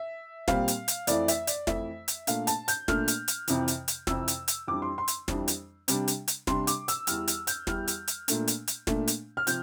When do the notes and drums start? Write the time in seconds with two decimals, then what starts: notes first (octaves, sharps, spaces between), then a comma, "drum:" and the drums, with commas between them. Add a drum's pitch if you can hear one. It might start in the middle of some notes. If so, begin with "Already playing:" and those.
Already playing: E5
0.48 A#2 G3 C4 F5, drum: snare
0.68 drum: hi-hat
0.88 drum: hi-hat
1.07 F2 E3 A3 E4 D5, drum: hi-hat
1.28 E5, drum: hi-hat
1.47 D5, drum: hi-hat
1.67 F2 E3 A3 E4 E5, drum: snare
2.08 drum: hi-hat
2.27 A#2 A3 D4 F5, drum: hi-hat
2.47 A5, drum: hi-hat
2.68 G6, drum: hi-hat
2.88 A#2 A3 D4 F6, drum: snare
3.08 drum: hi-hat
3.28 drum: hi-hat
3.48 F2 C3 E3, drum: hi-hat
3.68 drum: hi-hat
3.88 drum: hi-hat
4.07 F2 C3 E3 E6, drum: snare
4.28 drum: hi-hat
4.48 drum: hi-hat
4.68 F2 E3 G3 D4 D6
4.82 C6
4.98 C6
5.08 drum: hi-hat
5.28 F2 E3 G3 D4, drum: snare
5.48 drum: hi-hat
5.88 C3 G3 D4, drum: hi-hat
6.08 drum: hi-hat
6.28 drum: hi-hat
6.47 C3 G3 D4 C6, drum: snare
6.67 D6, drum: hi-hat
6.88 E6, drum: hi-hat
7.07 E2 E3 G3 F6, drum: hi-hat
7.28 drum: hi-hat
7.47 G6, drum: hi-hat
7.67 E2 E3 G3 F6, drum: snare
7.87 drum: hi-hat
8.07 drum: hi-hat
8.28 A#2 A3 D4, drum: hi-hat
8.47 drum: hi-hat
8.67 drum: hi-hat
8.87 A#2 A3 D4, drum: snare
9.07 drum: hi-hat
9.37 F6
9.47 C3 F3 G6, drum: hi-hat